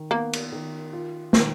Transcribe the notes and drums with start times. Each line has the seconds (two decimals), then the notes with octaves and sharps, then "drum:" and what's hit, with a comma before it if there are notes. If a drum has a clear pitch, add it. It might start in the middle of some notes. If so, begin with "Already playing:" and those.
Already playing: D#3
0.11 A#3 B3
0.33 drum: cymbal
0.52 D#3
0.93 F4
1.33 D#3, drum: snare